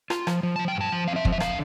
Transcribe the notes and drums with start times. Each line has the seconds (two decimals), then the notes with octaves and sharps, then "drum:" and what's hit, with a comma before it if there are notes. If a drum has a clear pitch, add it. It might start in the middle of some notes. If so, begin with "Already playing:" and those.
0.10 F4, drum: rim click
0.27 F3, drum: rim click
0.43 F3
0.56 F3 A5
0.68 G5
0.75 G2
0.81 A5
0.92 F3
1.08 C4 F5
1.16 E5
1.25 F3, drum: kick
1.32 E5
1.40 D3 F5, drum: rim click